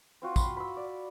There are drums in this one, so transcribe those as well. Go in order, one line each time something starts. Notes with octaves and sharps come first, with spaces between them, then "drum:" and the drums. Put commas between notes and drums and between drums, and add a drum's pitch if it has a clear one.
C4 F4 F#4
B5 C6, drum: kick, tambourine
B5 E6
D5